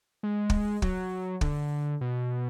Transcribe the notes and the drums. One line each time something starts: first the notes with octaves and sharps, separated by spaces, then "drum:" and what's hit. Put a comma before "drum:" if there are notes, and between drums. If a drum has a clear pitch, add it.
G#3
drum: kick
F#3, drum: kick
D3, drum: kick
B2